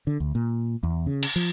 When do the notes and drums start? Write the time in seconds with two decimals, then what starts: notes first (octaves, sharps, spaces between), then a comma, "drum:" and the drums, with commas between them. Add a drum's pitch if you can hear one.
0.07 D3
0.20 D2
0.35 A#2
0.83 E2
1.06 C#3
1.23 drum: cymbal
1.36 F3